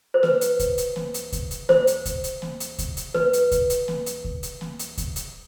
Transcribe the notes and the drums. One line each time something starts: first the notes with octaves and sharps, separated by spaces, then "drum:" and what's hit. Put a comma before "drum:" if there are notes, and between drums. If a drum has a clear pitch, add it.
C5
B4, drum: snare A#3
drum: hi-hat
drum: kick D2, hi-hat
drum: hi-hat
drum: snare A#3
drum: hi-hat
drum: kick D2, hi-hat
drum: hi-hat
C5, drum: snare A#3
drum: hi-hat
drum: kick D2, hi-hat
drum: hi-hat
drum: snare A#3
drum: hi-hat
drum: kick D2, hi-hat
drum: hi-hat
B4, drum: snare A#3
drum: hi-hat
drum: kick D2, hi-hat
drum: hi-hat
drum: snare A#3
drum: hi-hat
drum: kick D2
drum: hi-hat
drum: snare A#3
drum: hi-hat
drum: kick D2, hi-hat
drum: hi-hat